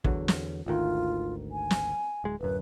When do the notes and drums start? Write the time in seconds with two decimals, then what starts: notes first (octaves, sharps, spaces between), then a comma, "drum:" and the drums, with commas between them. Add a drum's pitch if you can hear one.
0.04 E2 D3 F#3, drum: kick
0.28 drum: snare
0.66 G#1 D2 D#3 F4
1.52 G#5
1.71 drum: snare
2.24 D1 G#3
2.41 D1 F#2 B4